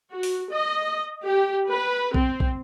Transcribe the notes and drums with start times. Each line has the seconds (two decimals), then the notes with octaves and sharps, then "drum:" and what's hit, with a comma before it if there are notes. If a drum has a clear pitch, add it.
0.12 F#4
0.23 drum: open hi-hat
0.51 D#5
1.25 G4
1.68 B4
2.14 C4, drum: kick
2.40 drum: kick